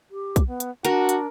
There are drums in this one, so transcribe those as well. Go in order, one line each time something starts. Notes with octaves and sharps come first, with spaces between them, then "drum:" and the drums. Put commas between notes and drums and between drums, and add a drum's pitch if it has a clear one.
G4
drum: kick B1, hi-hat
B3
drum: hi-hat
D4 F#4 A#4, drum: hi-hat
drum: hi-hat